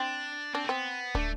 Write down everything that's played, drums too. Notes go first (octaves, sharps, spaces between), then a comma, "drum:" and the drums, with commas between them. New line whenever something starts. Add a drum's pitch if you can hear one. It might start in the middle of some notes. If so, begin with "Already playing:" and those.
Already playing: C4 D4
C4 D4
A3
B3 C4
A3 D4, drum: kick